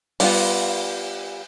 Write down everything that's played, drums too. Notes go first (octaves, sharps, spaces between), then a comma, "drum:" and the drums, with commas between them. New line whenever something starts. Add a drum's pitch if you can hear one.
G3 B3 F4, drum: open hi-hat